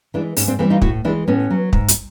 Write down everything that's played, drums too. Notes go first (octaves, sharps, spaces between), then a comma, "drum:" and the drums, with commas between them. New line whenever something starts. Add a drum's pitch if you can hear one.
E3 G#3 D4 E4
G#2 C#4 D#4, drum: open hi-hat
C4 D4
E3 G3 A#3 C4
D#4 F4
A2 E4 F#4, drum: kick
E3 G#3 D4 E4
A2 B3 C#4
F#3
G#2, drum: kick
drum: hi-hat